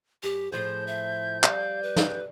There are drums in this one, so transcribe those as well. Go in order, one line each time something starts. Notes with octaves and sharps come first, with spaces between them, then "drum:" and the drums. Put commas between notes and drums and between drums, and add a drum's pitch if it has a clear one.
F#2 G4
A2 F3 G#4 C5 G6
E5
G3 F5, drum: clap
B4
drum: snare